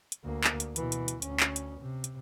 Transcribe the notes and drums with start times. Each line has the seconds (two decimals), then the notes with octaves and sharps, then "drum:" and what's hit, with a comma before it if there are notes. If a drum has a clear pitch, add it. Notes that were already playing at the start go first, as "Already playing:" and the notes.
0.12 drum: hi-hat
0.23 D2 A#3
0.44 drum: clap
0.60 drum: hi-hat
0.76 B2 E3, drum: hi-hat
0.92 drum: hi-hat
1.08 drum: hi-hat
1.22 D2 C#4, drum: hi-hat
1.40 drum: clap
1.56 drum: hi-hat
1.81 C3
2.04 drum: hi-hat